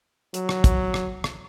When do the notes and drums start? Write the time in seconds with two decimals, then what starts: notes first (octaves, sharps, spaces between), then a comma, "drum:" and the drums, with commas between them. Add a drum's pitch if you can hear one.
0.34 F#3, drum: hi-hat
0.49 drum: rim click
0.64 drum: kick, hi-hat
0.94 drum: rim click
1.24 drum: rim click